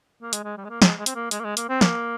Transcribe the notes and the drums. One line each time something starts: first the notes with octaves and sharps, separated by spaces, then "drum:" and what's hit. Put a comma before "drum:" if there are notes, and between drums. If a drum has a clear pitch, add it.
A#3
G#3, drum: hi-hat
G#3
G3
G#3
A#3
G#3, drum: snare
G#3
C4, drum: hi-hat
A#3
G#3, drum: hi-hat
A#3
G#3
A#3, drum: hi-hat
C4
A#3, drum: snare